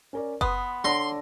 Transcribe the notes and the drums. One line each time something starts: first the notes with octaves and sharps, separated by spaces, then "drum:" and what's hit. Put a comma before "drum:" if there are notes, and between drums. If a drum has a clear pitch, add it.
C#4 A#4 D5
B3 B5 C6 D#6, drum: kick F#1
D3 C#5 C6 A#6